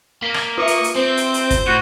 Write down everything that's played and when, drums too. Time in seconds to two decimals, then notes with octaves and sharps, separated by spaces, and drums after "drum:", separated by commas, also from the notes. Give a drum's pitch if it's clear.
0.22 A#3 B6
0.34 drum: rim click
0.58 F4 E5 C#6 D#6
0.68 drum: hi-hat
0.84 drum: hi-hat
0.95 C4 C5 G6
1.17 drum: hi-hat
1.34 drum: hi-hat
1.50 drum: kick, hi-hat
1.67 A2 F#4 C#7